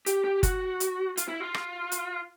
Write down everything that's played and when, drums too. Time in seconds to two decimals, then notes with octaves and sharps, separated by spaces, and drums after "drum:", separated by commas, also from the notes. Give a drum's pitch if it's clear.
0.06 G4, drum: hi-hat
0.24 G4
0.43 F#4, drum: kick, hi-hat
0.80 drum: hi-hat
1.17 F4, drum: hi-hat
1.28 E4
1.40 F4
1.54 drum: rim click
1.92 drum: hi-hat